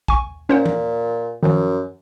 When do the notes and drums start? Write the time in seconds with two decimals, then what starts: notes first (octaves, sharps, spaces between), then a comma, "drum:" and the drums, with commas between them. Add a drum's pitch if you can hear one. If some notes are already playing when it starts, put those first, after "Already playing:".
0.08 G#5 C#6, drum: kick
0.49 A#2 C#4 C5 F#5
0.66 drum: tom E3
1.43 F#2 D#3 F3